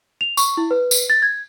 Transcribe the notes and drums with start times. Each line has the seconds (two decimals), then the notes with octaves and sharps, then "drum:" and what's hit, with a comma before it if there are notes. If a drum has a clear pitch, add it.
0.21 F7
0.37 C#6, drum: tambourine
0.57 E4
0.71 B4
0.91 drum: tambourine
1.10 A6
1.22 G#6